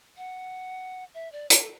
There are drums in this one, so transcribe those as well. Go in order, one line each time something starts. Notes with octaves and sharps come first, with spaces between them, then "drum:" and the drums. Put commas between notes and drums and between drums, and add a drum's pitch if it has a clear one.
F#5
E5
D5
C#5, drum: hi-hat
A4